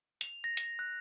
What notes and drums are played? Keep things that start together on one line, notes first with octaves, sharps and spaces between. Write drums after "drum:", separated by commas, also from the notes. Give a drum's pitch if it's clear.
F7, drum: hi-hat
A#6
drum: hi-hat
F#6